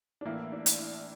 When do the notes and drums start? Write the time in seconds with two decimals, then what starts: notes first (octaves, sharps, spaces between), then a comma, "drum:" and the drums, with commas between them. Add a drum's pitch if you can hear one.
0.21 D4
0.25 A2 E3 A#3 E4
0.52 D4
0.66 drum: hi-hat
0.79 E4